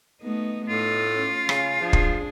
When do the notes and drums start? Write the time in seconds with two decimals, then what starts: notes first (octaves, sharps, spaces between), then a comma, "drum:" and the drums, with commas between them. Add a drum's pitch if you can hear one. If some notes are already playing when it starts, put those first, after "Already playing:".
0.22 A3 B3 D#4
0.69 A2 D#4 F4
1.13 C#4
1.49 C#3, drum: rim click
1.81 F3 D4 G#4
1.93 drum: kick